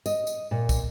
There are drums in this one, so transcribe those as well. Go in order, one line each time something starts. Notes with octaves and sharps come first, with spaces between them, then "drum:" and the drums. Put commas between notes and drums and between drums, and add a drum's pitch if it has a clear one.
D#5, drum: tambourine
drum: tambourine
A#2
drum: kick, tambourine